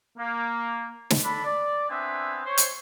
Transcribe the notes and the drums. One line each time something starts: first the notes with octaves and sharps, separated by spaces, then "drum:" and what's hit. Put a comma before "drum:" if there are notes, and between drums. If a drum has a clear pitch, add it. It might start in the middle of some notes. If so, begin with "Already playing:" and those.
A#3
drum: snare
D4 A4 B5
D5
B3 C4 D4 E5 G#5
C5 C#5
drum: hi-hat